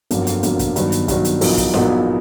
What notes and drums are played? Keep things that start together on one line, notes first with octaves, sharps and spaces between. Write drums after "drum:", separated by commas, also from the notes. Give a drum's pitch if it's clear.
G1 F2 D3 F#3 A#3, drum: hi-hat
drum: hi-hat
G1 F2 D3 F#3 A#3, drum: hi-hat
drum: kick, hi-hat
G2 D#3 F#3 B3, drum: hi-hat
drum: hi-hat
G2 D#3 F#3 B3, drum: kick, hi-hat
drum: hi-hat
A#1 A#2 F#3 B3 D#4, drum: open hi-hat
drum: kick, hi-hat
A#1 A#2 F#3 B3 D#4, drum: snare